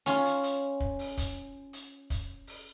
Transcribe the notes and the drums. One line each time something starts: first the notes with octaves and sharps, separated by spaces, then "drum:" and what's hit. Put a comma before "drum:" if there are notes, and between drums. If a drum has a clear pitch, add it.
C#4 F4, drum: hi-hat
drum: hi-hat
drum: hi-hat
drum: kick
drum: open hi-hat
drum: kick, hi-hat
drum: hi-hat
drum: kick, hi-hat
drum: open hi-hat